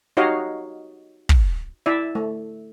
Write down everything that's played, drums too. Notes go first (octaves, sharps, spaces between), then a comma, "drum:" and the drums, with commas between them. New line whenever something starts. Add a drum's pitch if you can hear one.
D#4 F#4 G4 C#5 D#5 F5
drum: kick
E4 D5 E5
A3